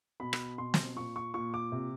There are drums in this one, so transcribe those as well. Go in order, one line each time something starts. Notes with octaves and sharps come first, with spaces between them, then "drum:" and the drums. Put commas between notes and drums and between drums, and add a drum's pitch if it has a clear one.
B2 B5
drum: rim click
B2 C6
drum: snare
A#2 C#6
C#6
A#2 C#6
D6
C3